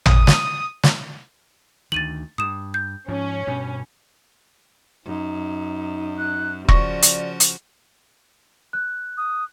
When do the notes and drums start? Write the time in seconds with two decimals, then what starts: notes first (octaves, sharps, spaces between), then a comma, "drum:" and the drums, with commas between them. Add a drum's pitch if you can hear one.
0.06 D#6, drum: tom
0.27 drum: snare
0.83 drum: snare
1.92 D2 D#3 A6 D#7 F#7
2.38 G2 D#6 E7
2.74 G6
3.08 G#2 F3 C#4
3.47 G2 B2
5.05 F#2 D#4
6.18 F#6
6.69 C#3 F3 F#4 D5 C#6 A#6, drum: kick E1
7.02 drum: hi-hat
7.40 drum: hi-hat
8.73 F#6
9.17 D#6